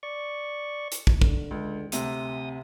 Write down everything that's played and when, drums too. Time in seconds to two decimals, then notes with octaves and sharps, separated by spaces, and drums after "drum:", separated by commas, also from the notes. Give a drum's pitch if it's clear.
0.03 D5 C#6
0.92 drum: hi-hat
1.07 drum: kick
1.22 D3, drum: kick
1.51 C#2
1.92 D2 C3 D#6, drum: hi-hat